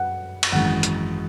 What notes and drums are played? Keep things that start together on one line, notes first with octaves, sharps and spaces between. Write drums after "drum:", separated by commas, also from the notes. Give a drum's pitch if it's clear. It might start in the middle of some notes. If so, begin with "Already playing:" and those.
Already playing: F#2 F#5
drum: cymbal
G#1 F#2 E3 G#3 F#5
drum: hi-hat